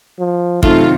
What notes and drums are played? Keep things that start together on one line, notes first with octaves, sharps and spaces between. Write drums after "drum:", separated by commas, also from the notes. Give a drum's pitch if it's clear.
F3
F#2 C3 D#3 A3 D#4 F4, drum: kick